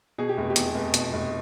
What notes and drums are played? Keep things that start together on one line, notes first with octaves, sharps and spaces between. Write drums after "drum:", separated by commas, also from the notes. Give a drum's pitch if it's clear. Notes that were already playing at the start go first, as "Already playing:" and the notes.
B2 G#4
G4
F1
G4
E2, drum: hi-hat
F1
B2, drum: hi-hat
F1